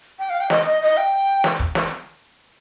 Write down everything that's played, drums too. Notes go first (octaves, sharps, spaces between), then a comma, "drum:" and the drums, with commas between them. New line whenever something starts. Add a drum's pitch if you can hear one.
G5
F5
G5
D#5, drum: snare
D#5
D#5
G5
drum: snare
drum: kick
drum: snare